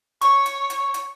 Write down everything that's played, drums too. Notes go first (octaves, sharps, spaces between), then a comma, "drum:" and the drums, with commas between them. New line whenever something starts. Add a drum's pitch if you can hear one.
C#5 C#6, drum: hi-hat
drum: hi-hat
drum: hi-hat
drum: hi-hat